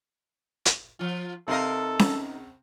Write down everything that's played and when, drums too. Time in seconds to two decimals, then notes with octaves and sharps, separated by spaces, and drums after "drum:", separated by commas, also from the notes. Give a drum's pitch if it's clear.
0.65 drum: hi-hat
0.99 F3 F4
1.48 C3 D#4 A4 A#4 D#5 F5
1.99 drum: snare C#4